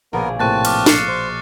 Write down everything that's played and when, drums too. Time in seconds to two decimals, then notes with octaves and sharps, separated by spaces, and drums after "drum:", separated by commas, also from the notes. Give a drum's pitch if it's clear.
0.13 A#1 B2 B3 G#4 A#4
0.40 A2 C3 A#3 C4 A5 C#6 F#6 A6
0.65 D6 F6, drum: cymbal
0.86 A6 C7 C#7, drum: snare
1.08 C5